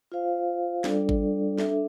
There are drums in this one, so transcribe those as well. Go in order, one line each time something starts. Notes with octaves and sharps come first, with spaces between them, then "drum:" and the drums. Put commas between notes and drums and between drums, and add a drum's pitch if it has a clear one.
F4 C5 F5
G3 D4 A4 D5, drum: snare
drum: kick G#1
D4 A4 E5, drum: snare